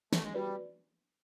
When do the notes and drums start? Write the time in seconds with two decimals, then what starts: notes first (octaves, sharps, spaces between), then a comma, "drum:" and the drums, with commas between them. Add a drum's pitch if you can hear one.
0.13 A3, drum: snare
0.23 G#3
0.33 G3 F#4 B4 D5